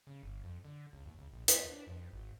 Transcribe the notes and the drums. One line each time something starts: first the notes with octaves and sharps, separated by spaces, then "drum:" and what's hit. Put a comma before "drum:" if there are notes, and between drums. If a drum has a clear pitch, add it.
C#3
G1
F2
D3
C#2
D#2
C#2
A#1
D#2, drum: hi-hat
D4
F2
G#1